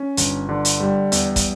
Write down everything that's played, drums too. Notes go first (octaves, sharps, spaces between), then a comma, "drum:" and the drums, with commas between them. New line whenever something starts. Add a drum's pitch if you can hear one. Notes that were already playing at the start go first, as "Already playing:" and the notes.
Already playing: C#4
G1, drum: hi-hat
D3
drum: hi-hat
G3
E2, drum: hi-hat
drum: kick, hi-hat